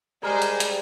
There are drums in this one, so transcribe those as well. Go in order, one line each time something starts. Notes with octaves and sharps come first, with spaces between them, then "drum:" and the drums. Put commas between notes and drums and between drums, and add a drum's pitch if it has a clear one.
G3 G#3 G#4 A#4 C5
drum: hi-hat
drum: hi-hat